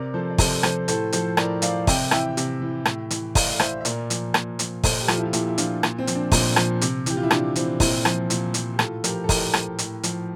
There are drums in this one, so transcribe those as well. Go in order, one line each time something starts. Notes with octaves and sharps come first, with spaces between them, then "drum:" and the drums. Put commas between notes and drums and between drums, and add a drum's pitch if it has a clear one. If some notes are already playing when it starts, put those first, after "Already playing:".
Already playing: C3 A#4 D5
F3 A4 C5
D5
C3 A4 C5, drum: kick, open hi-hat
F3 A4 C5, drum: rim click
A2 A4 C5, drum: hi-hat
F3 A4 C5, drum: hi-hat
A2 A#4 D5, drum: rim click
F3 D5 F5, drum: hi-hat
C3 E5 G5, drum: kick, open hi-hat
E3 E5 G5, drum: rim click
C3, drum: hi-hat
E3
A2, drum: rim click
E3, drum: hi-hat
A2 D5 F5, drum: kick, open hi-hat
F5
E3 C5 E5, drum: rim click
E5
A#2 A#4 D5, drum: hi-hat
F3, drum: hi-hat
A#2, drum: rim click
F3, drum: hi-hat
A#2 A4 C5, drum: kick, open hi-hat
G4
F3 F4 A4, drum: rim click
E4
F4
A#2 E4 G4, drum: hi-hat
E4
F3 D4 F4, drum: hi-hat
A#2, drum: rim click
C4
F3, drum: hi-hat
D4
A#2 C4, drum: kick, open hi-hat
F3, drum: rim click
C3, drum: hi-hat
E3 G4, drum: hi-hat
F4
E4
C3 D4, drum: rim click
E3 C4, drum: hi-hat
A#2 C4 E4, drum: kick, open hi-hat
F3, drum: rim click
A#2, drum: hi-hat
F3, drum: hi-hat
G4
A2 F4 A4, drum: rim click
F3 G4 A#4, drum: hi-hat
A4
A2 G4 A#4, drum: kick, open hi-hat
F3, drum: rim click
A2, drum: hi-hat
F3, drum: hi-hat